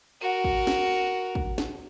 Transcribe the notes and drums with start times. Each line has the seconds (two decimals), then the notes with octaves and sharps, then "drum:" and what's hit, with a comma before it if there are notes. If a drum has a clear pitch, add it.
0.22 F#4 A#4
0.44 drum: kick
0.67 drum: snare
1.35 drum: kick
1.58 drum: snare